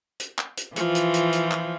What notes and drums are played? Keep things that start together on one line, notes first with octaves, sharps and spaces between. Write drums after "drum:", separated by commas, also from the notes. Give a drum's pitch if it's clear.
drum: hi-hat
drum: clap
drum: hi-hat
E3 F3 F4, drum: hi-hat
drum: hi-hat
drum: hi-hat
drum: hi-hat
drum: clap